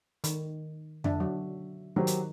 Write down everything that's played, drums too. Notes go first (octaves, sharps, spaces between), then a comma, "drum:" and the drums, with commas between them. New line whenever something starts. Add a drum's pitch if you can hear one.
D#3, drum: hi-hat
D3 D4 E5, drum: tom F2
F#3
D#3 F#3 G4 C5
drum: hi-hat